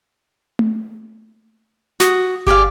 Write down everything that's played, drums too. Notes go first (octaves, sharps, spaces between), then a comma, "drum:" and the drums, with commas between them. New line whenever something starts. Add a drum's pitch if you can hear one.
drum: tom A3
F#4 D#6, drum: snare
G4 G#4 D5 F5, drum: kick G1